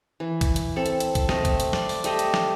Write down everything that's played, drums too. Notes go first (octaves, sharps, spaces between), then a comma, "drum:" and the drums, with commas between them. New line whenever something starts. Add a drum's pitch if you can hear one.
E3
drum: kick, hi-hat
drum: hi-hat
C4 A4
drum: hi-hat
drum: hi-hat
drum: kick, hi-hat
A3 C4 D#5, drum: snare
drum: kick, hi-hat
drum: hi-hat
D5 C6, drum: snare
drum: open hi-hat
G3 A3 G4 D#5, drum: hi-hat
drum: hi-hat
drum: snare